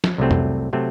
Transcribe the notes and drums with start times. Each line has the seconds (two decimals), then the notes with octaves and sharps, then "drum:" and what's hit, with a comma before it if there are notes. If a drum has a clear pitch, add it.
0.04 drum: snare
0.18 C2 C3 F#3 A3 C4
0.31 drum: tom F2
0.73 C3 F#3 A3 C4